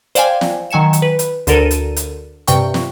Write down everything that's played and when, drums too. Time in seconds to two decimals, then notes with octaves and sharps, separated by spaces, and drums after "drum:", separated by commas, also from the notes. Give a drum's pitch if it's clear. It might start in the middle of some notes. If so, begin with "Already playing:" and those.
0.15 C5 D5 F5 G5 G#5, drum: hi-hat
0.41 drum: snare
0.71 D#3 F#3 G#5 C#7 E7
0.93 drum: hi-hat
1.02 B4
1.19 drum: hi-hat
1.47 D2 D3 A4 A#4 D#7, drum: hi-hat
1.71 drum: hi-hat
1.96 drum: hi-hat
2.47 G2 C3 G5 C#6, drum: hi-hat
2.74 drum: snare